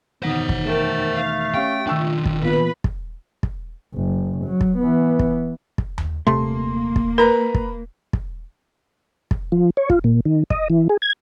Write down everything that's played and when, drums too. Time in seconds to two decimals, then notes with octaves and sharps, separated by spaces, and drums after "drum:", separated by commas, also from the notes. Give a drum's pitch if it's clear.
0.23 E1 D#3 B3 C5 F#5 A#6
0.49 drum: kick
0.65 A3 A#4 G5 A5
1.15 F5
1.54 C#4 G4 F5 G5 C#6
1.87 D#3 D4 F4 G5 C#6 E6
2.25 drum: kick
2.42 A#2 B3 F4 B4 B5
2.84 drum: kick
3.43 drum: kick
3.94 F#1
4.45 F#3
4.61 drum: kick
4.78 E3 B3
5.19 drum: kick
5.78 drum: kick
5.98 drum: tom D#2
6.27 D#1 C3 A3 A#3 C6
6.96 drum: kick
7.18 A#4 B4 A#5 B5
7.55 drum: kick
8.13 drum: kick
9.31 drum: kick
9.52 F3
9.77 C#5
9.90 F4, drum: kick
10.04 A#2
10.25 D#3
10.50 D#5, drum: kick
10.70 E3
10.89 G#4
11.02 G#6